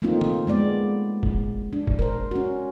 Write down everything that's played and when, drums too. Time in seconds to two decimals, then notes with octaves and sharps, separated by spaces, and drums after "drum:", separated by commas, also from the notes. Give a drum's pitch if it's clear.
0.02 A3 A#3 C4 D#4 F4
0.21 drum: tom D3
0.47 G#3 B3 D5
1.23 drum: kick
1.73 D4
1.87 drum: kick
1.99 A#4 C5
2.31 C#4 F#4